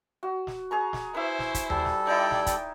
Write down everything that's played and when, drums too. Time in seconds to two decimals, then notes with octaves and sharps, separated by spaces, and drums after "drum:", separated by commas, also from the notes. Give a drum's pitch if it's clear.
0.23 F#4
0.47 drum: snare
0.71 G#4 A#5 C#6
0.93 drum: snare
1.14 E4 B4 C5 E5
1.39 drum: snare
1.54 drum: kick, hi-hat
1.70 G3 A4, drum: tom D#2
1.85 drum: snare
2.07 D#4 E4 D5 G5
2.31 drum: snare
2.46 drum: kick, hi-hat